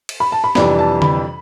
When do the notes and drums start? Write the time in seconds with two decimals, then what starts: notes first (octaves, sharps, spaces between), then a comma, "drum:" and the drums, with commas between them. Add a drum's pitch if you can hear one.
0.09 drum: cymbal
0.20 B5
0.32 A5
0.44 B5
0.55 F2 C3 E3 G3 D4 B5, drum: snare
0.79 A5
1.02 B5, drum: tom D3